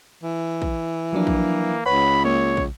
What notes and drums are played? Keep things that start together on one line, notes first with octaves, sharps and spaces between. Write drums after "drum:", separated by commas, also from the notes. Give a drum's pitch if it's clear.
E3
drum: kick
F3 F#3 A#3 D4
drum: kick
C#2 B4 C#5 F#5 B5
A#3 C#5
drum: kick